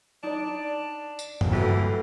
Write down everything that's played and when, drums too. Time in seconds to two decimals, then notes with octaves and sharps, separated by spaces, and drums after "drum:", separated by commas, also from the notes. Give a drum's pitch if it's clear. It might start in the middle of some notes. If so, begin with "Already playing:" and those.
0.23 D4 D#4 D5
1.19 drum: tambourine
1.41 drum: tom G2
1.52 D2 E3 F#3 A3 G4 A4